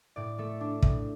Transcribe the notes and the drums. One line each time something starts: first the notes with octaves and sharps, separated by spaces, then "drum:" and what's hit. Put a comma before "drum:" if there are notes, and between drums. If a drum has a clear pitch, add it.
A2 D5
A3 A4
D4
A2, drum: kick